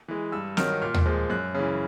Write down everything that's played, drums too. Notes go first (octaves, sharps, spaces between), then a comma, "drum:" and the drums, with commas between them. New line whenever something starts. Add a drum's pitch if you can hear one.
E3 G#3
G2 E6
D#3 F#3 F6, drum: snare
A#2 F6
drum: tom D#2
F3 G#3
F#2 F#6
C#3 E3